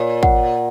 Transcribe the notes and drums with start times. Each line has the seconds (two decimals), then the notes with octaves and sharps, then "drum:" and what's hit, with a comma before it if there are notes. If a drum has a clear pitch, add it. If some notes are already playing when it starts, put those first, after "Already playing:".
Already playing: A#2 C#5
0.23 F#5, drum: kick